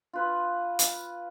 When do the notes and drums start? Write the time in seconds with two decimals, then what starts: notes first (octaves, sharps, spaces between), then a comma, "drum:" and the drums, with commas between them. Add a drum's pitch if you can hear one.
0.13 F4 B4
0.79 drum: hi-hat